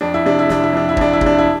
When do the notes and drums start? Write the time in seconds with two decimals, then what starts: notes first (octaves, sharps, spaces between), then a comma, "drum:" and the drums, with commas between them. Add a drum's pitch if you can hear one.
0.01 F2 D4
0.14 E4
0.25 C3 D4
0.39 E4
0.49 C3 D4, drum: snare
0.63 E4
0.73 F2 D4
0.89 E4
0.97 F2 D4, drum: kick
1.13 E4
1.21 C3, drum: kick
1.26 D4
1.39 E4